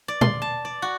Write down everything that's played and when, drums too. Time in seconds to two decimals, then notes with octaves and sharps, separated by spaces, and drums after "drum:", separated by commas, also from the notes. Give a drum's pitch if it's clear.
0.08 D5
0.21 C6, drum: tom
0.42 A5
0.65 D5
0.82 F#4